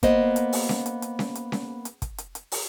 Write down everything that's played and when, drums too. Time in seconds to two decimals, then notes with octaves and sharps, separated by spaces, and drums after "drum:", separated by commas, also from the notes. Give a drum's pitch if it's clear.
0.03 A#3 B3 C5 D#5, drum: kick, hi-hat
0.36 drum: hi-hat
0.53 drum: open hi-hat
0.69 drum: snare C#4
0.86 drum: hi-hat
1.02 drum: hi-hat
1.19 drum: snare C#4
1.35 drum: hi-hat
1.52 drum: snare C#4
1.85 drum: hi-hat
2.02 drum: kick, hi-hat
2.18 drum: hi-hat
2.35 drum: hi-hat
2.52 drum: open hi-hat